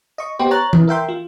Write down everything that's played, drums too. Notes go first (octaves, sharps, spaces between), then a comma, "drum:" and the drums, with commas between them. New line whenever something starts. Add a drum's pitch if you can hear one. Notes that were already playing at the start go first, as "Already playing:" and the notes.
D#5 C#6
B3 G4 C5
C#5 A#5 F#6 A6
E3, drum: tom E3
A#4 E5 G5 C6
F4